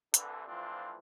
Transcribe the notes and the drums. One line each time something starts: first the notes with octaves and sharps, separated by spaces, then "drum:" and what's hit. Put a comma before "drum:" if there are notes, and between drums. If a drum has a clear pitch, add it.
C2 D3 E3, drum: hi-hat
E3 F3 A3 C4 D4 F4